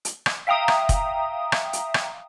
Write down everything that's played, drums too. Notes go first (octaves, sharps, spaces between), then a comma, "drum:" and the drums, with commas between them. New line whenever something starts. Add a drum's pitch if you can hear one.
drum: hi-hat
drum: rim click
E5 F5 G5 A#5 D#6
drum: rim click
drum: kick F1, hi-hat
drum: rim click
drum: hi-hat
drum: rim click